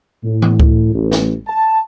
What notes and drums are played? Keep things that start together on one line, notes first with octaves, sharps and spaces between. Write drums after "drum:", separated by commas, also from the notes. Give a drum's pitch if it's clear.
A2
drum: tom E3
drum: kick C#2
A1
drum: snare
A5